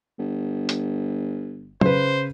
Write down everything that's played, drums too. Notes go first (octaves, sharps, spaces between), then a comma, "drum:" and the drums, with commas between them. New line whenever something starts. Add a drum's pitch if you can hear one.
G1
drum: hi-hat
C#3 B4 C5, drum: tom